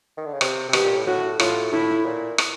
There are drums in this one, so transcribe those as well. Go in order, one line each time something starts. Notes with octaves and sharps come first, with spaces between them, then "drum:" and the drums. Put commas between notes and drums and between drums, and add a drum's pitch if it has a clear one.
D#3
D3
C#3
C3, drum: rim click
C3
B2 G4, drum: rim click
A#2
A2
A2 F#4
A2 F4, drum: rim click
A2 E4
A#2
drum: rim click